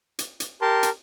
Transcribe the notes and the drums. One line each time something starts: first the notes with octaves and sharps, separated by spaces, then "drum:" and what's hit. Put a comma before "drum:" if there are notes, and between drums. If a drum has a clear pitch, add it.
drum: hi-hat
drum: hi-hat
G4 A#4 A5 C6
drum: hi-hat